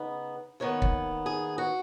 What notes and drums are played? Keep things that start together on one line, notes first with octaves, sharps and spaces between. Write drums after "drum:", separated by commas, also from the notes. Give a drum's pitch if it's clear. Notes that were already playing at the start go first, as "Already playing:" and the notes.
Already playing: C#3 B3 D#4
D#2 D#3 B3 C#5
drum: kick
G#4
F#4